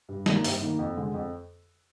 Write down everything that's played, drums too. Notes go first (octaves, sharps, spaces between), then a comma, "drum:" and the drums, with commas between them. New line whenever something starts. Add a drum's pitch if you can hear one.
G2
D#3 A#3, drum: snare
G2, drum: open hi-hat
D#3 A#3
F2
D3 G#3
F2